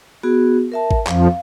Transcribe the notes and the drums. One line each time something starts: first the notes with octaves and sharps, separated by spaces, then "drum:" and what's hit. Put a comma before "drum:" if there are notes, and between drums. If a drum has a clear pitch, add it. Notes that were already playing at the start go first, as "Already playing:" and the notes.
B3 F#4 G#4
A#4 E5 A5
drum: kick G#1
F2 F3 F5, drum: clap